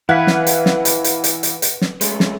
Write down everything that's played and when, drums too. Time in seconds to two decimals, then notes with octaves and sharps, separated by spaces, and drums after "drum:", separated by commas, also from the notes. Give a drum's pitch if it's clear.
0.09 E3 E4 B4 F5 F#5 F#6 G#6 B6
0.27 drum: snare
0.47 drum: hi-hat
0.66 drum: snare
0.85 drum: hi-hat
1.04 drum: hi-hat
1.24 drum: hi-hat
1.43 drum: hi-hat
1.62 drum: hi-hat
1.81 drum: snare
2.01 G#3 A3 C#4, drum: hi-hat
2.20 drum: snare